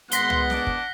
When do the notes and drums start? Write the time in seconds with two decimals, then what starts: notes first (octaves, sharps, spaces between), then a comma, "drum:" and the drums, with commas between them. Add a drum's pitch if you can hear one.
0.12 G#1 G#3 B3 F#5 C6 A#6 B6 G7, drum: hi-hat
0.30 drum: tom
0.50 D4 D6, drum: snare
0.67 drum: kick